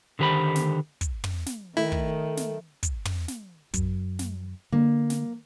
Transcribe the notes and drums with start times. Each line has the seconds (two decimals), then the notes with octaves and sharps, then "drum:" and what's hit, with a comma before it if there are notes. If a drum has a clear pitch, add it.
0.19 D3 D#3 G4 C5 B5
0.55 drum: snare
1.01 drum: kick, hi-hat
1.24 drum: tom
1.46 drum: snare
1.77 D#3 A3 E4
1.92 drum: kick
2.37 drum: snare
2.83 drum: kick, hi-hat
3.05 drum: tom
3.28 drum: snare
3.74 F#2, drum: kick, hi-hat
4.19 drum: snare
4.72 D3 A#3
5.10 drum: snare